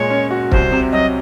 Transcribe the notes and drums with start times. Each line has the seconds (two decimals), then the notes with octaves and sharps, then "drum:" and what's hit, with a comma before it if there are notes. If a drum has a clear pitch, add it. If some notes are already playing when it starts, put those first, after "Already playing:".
Already playing: A#2 G#3 C#5
0.10 C#4
0.31 F#4
0.52 C2 C5, drum: kick
0.72 C3
0.92 F#3 D#5